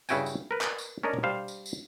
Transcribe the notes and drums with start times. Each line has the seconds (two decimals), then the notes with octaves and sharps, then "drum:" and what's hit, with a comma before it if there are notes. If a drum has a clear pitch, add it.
0.09 G2 C#3 E4 F#4 G5 G#5, drum: tambourine
0.26 drum: tambourine
0.51 A#4 B4
0.61 drum: clap
0.78 drum: tambourine
1.03 C#4 D4 A#4 D5 D#5
1.13 drum: tom
1.23 G3 D4 C5 F5
1.48 drum: tambourine
1.66 drum: tambourine